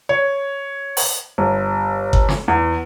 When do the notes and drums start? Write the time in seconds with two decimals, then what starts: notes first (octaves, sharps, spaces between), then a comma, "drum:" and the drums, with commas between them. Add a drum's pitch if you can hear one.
0.09 C#5
0.97 drum: open hi-hat
1.38 G1
2.13 drum: kick G1
2.29 drum: snare
2.48 E2